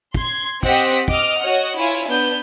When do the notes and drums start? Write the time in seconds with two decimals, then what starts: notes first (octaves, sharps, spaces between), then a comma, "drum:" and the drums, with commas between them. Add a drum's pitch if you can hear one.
0.14 C6 G#6, drum: kick
0.63 C4 G4 D#5 F#5 B6, drum: kick
1.08 D#5 D6 F6, drum: kick
1.41 F#4 C#5 D#5 F#5
1.77 E4 F4 C#5 G#5
1.86 drum: open hi-hat
2.08 B3 D4 G6